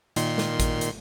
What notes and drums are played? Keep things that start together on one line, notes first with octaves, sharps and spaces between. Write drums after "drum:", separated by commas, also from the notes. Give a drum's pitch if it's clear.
A#2 D#3 C6, drum: hi-hat
drum: snare
drum: kick A1, hi-hat
drum: hi-hat